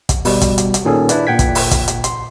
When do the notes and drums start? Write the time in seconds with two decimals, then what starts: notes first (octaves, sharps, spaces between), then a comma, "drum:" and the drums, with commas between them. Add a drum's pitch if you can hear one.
0.09 drum: kick, hi-hat
0.25 B2 G3, drum: open hi-hat
0.41 drum: kick, hi-hat
0.58 drum: hi-hat
0.74 drum: hi-hat
0.85 A#2 D#3 C#4 G#4 A4
1.09 D4 E4 B4 D5, drum: hi-hat
1.27 A#2 F#5 G5 G#6 B6
1.39 drum: kick, hi-hat
1.55 drum: open hi-hat
1.71 drum: kick, hi-hat
1.88 drum: hi-hat
2.04 C6, drum: hi-hat